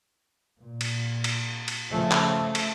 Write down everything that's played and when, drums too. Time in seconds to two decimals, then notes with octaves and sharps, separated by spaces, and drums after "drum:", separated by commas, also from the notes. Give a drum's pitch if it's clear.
0.59 A#2
0.81 drum: cymbal
1.24 drum: cymbal
1.68 drum: cymbal
1.91 C#3 F3 A3
2.11 drum: clap
2.55 drum: cymbal